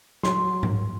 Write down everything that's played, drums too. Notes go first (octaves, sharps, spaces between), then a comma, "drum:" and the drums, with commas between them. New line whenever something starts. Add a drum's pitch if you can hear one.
F#3 C6, drum: snare
drum: tom G#2